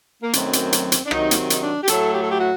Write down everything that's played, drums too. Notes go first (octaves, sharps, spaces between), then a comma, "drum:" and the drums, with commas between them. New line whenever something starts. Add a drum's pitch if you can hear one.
A#3
F#2 D#3 F#3 A3 C4, drum: hi-hat
drum: hi-hat
drum: hi-hat
drum: hi-hat
D4
C3 D#3 F#3 D#4, drum: rim click
A#3, drum: hi-hat
C4
D#4, drum: hi-hat
D4
G4
A2 F#3 A3 A4, drum: hi-hat
G4
A4
G4
F#4